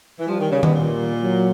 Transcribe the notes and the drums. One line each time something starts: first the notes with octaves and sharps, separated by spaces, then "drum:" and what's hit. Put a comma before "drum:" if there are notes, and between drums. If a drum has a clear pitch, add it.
E3
F3 G3
D#3
C#3
B2, drum: tom D#3
A#2
F#3